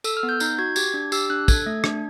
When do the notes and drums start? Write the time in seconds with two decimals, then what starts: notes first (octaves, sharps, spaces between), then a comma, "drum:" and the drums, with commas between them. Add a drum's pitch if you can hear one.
0.04 A4 E6, drum: tambourine
0.17 F6
0.23 B3
0.29 G6
0.40 D#4 G6, drum: tambourine
0.59 F#4 G#6
0.76 G4 G#6, drum: tambourine
0.94 D4
1.12 G4 E6, drum: tambourine
1.30 D4 F#6
1.48 A4 G#6, drum: kick, tambourine
1.66 A3
1.84 D4, drum: rim click